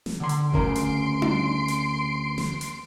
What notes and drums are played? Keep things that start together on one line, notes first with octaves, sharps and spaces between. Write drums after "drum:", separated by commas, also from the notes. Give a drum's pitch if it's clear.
drum: snare
D3 C6
drum: hi-hat
D2 C#3 A#4 C6 C7 D7, drum: kick F#1
drum: hi-hat
drum: tom D4
drum: hi-hat
drum: snare
drum: hi-hat